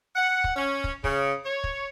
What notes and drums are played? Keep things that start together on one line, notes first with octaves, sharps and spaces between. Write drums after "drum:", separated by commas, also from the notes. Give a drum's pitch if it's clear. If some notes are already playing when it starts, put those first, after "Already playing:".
F#5
drum: kick
C#4
drum: kick
C#3, drum: kick
C#5
drum: kick